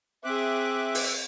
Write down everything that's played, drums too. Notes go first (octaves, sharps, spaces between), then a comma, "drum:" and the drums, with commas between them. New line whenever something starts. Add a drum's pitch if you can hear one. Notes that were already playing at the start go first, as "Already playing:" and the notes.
C4 G#4 E5 D6 F#6
drum: open hi-hat